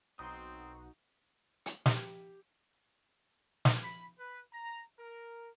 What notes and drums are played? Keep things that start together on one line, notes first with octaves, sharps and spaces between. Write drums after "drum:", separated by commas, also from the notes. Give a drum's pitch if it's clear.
B1 C4 D#4 F#4 C6 D#6
drum: hi-hat
G4, drum: snare
drum: snare
B5
B4
A#5
A#4